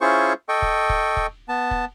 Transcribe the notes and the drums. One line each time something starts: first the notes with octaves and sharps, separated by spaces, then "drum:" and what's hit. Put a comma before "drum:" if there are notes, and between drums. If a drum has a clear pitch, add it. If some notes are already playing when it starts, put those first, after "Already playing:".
C#4 E4 F4 G#4 C5 C#6
A4 D#5 G5 C#6
drum: kick
drum: kick
drum: kick
B3 A5
drum: kick